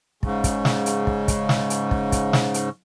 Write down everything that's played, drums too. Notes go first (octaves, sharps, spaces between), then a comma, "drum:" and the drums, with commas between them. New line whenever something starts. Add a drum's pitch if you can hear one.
G#2 C#3, drum: kick
drum: kick, hi-hat
drum: snare
drum: hi-hat
drum: kick
drum: kick, hi-hat
drum: snare
drum: hi-hat
drum: kick
drum: kick, hi-hat
drum: snare
drum: hi-hat